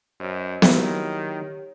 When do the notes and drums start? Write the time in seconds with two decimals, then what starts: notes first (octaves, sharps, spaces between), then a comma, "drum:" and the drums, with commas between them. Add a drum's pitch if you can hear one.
0.20 F#2 C5 C#5 D#5
0.62 D#3 F#3 A#3 E4 G4 C#5, drum: snare B3